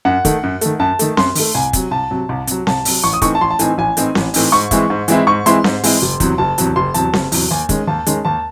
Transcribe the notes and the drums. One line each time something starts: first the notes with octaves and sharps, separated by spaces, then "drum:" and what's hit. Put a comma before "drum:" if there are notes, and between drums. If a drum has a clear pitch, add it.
F#2 F#5
D#3 A3, drum: kick, hi-hat
F#2
D#3 A3, drum: hi-hat
F#2 A5
D#3 A3, drum: hi-hat
F#2 C6, drum: snare C4
D#3 A3, drum: open hi-hat
C2 G#5
C3 F#3, drum: kick, hi-hat
C2 A5
C3 F#3
C2
C3 F#3, drum: hi-hat
C2 A5, drum: snare C4
C3 F#3, drum: open hi-hat
A1 C#6
D#6
A2 E3 C4 D#4 C#6, drum: kick, hi-hat
A5
A1 C6
A5
A2 E3 C4 D#4 G#5, drum: hi-hat
A1 G#5
A2 E3 C4 D#4, drum: hi-hat
A1, drum: snare C4
A2 E3 C4 D#4, drum: open hi-hat
G#2 C#6
E3 G#3 C4 E4, drum: kick, hi-hat
G#2
E3 G#3 C4 E4, drum: hi-hat
G#2 C#6
E3 G#3 C4 E4 C6, drum: hi-hat
G#2, drum: snare C4
E3 G#3 C4 E4, drum: open hi-hat
F#1
E2 C3 F#3, drum: kick, hi-hat
F#1 A5
E2 C3 F#3, drum: hi-hat
F#1 C6
E2 C3 F#3 A5, drum: hi-hat
F#1, drum: snare C4
E2 C3 F#3, drum: open hi-hat
D#2 G#5
D#3 G#3 C#4, drum: kick, hi-hat
D#2 A5
D#3 G#3 C#4, drum: hi-hat
D#2 A5